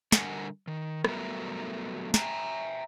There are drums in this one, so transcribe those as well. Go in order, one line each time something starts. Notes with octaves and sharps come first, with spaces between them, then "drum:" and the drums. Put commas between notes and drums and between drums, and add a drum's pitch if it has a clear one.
D3 G3 A#4 F#5 G#5, drum: snare
D#3
F#3 G3 A3 B3 A#4, drum: rim click
E5 G5 G#5 A#5, drum: snare